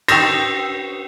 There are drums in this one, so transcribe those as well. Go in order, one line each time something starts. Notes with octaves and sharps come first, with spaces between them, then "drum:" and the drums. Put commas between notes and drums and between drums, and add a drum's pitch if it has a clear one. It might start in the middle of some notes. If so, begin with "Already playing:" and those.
G5 C#6 D#6 E6 G6 A#6, drum: cymbal